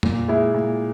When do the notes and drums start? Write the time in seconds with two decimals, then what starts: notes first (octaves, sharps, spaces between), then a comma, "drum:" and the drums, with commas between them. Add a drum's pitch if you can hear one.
0.03 A#2, drum: tom F2
0.28 G#3 E4
0.54 A#2